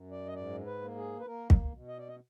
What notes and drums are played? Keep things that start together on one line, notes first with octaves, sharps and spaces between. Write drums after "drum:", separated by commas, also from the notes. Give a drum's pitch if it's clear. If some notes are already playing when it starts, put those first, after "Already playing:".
Already playing: F#2
D5
D#5
G#2 D5
B4
A#3
G#4
B4
A#3 A#4
drum: kick
B2
D#5
D5
D#5